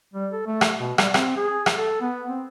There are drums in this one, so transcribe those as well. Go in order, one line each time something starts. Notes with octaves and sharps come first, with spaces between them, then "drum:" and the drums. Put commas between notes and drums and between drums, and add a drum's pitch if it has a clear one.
G3
A4
A3
drum: rim click
B2
G3, drum: rim click
C4, drum: rim click
G#4
drum: rim click
A4
B3
C4